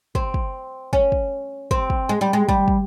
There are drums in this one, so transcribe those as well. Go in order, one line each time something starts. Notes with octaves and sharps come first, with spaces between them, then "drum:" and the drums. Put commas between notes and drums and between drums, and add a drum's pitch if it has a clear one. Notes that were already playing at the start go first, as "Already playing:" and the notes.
C4, drum: kick
drum: kick
C#4, drum: kick
drum: kick
C4, drum: kick
drum: kick
G#3
G3
G#3
G3, drum: kick
drum: kick